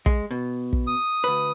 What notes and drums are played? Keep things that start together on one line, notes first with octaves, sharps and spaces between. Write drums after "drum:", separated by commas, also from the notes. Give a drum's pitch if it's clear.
G#3, drum: kick
B2
drum: kick
D#6
D2 B4